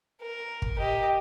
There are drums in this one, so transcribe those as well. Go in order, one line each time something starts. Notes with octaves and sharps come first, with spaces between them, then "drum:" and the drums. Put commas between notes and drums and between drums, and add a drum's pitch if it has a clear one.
A#4
drum: kick
G4 D#5